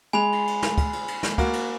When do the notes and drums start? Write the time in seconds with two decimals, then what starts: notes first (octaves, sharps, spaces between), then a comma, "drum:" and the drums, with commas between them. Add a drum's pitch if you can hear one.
0.13 G#3 G#5 B5 F7
0.32 drum: cymbal
0.47 drum: cymbal
0.62 drum: snare
0.78 drum: kick, cymbal
0.93 drum: cymbal
1.08 drum: cymbal
1.23 drum: snare
1.38 A#3 F#4, drum: kick, cymbal
1.53 drum: cymbal